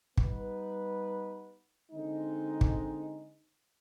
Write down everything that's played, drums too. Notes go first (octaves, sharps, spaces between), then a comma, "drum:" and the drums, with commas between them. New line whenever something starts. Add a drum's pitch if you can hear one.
G3 B3 D#4 B4, drum: kick
D3 G#3 C4 D#4
drum: kick